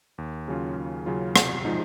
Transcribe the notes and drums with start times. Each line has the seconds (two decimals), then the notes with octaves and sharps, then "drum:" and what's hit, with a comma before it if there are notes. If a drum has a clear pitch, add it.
0.18 D#2
0.48 C#3 F#3 C#4 F4
0.77 D#2
1.06 C#3 F#3 C#4 F4
1.36 C3, drum: rim click
1.65 F3 G#3 D#4